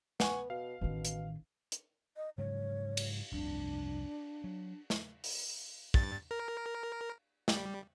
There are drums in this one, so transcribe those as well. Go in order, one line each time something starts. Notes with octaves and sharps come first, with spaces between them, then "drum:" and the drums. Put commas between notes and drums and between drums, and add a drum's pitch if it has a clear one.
B3 F#5 G#5 C#6, drum: snare
B2 F5
A1 B2 D#3
drum: hi-hat
drum: hi-hat
D#5
G#2 C#3 F#3 C#5
drum: cymbal
F1 C2 G2 D4
F#3
drum: snare
drum: open hi-hat
G2 A6, drum: kick
A#4
G3, drum: snare